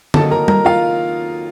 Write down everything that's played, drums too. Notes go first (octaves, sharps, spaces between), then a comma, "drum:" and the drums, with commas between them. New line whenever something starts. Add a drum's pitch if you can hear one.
D#3 F#3 A#3 D#4 A4 A5, drum: tom D3
A#4 A#5
A#4 A#5, drum: tom
F4 F5